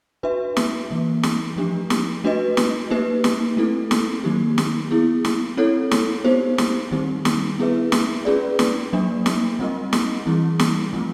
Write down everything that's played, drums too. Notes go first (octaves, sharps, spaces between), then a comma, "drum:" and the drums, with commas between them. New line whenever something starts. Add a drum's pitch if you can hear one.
D4 F#4 B4 E5
drum: snare
E3 G3 A#3
drum: snare
F3 A3 D4 G4
drum: snare
A3 D4 F#4 B4 D#5
drum: snare
A#3 D#4 G4 B4
drum: snare
A3 C4 E4 A4
drum: snare
D#3 F#3 A#3 D#4 G4
drum: snare
B3 E4 G#4
drum: snare
C4 E4 A4 C#5
drum: snare
B3 D#4 G4 C5
drum: snare
D#3 G3 C4 D#4 G4
drum: snare
B3 E4 G#4 B4 E5
drum: snare
C#4 F4 G#4 B4 D5
drum: snare
F#3 A#3 D4
drum: snare
G3 C4 F4 A#4 D#5
drum: snare
E3 G3 C4 E4 G#4
drum: snare
F3 A3 C4 F4